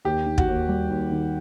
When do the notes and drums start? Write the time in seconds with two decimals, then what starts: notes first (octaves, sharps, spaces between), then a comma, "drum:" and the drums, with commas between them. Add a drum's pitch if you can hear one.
0.05 D#2 G4
0.27 D#3
0.38 F#4, drum: kick
0.48 D#2
0.69 G3
0.90 D#2
1.12 D#3